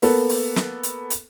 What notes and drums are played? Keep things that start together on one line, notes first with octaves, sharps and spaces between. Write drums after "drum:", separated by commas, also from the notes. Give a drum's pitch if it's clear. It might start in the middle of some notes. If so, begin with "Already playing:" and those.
A#3 B3 A4 A#4, drum: open hi-hat
drum: open hi-hat
drum: snare
drum: hi-hat
drum: hi-hat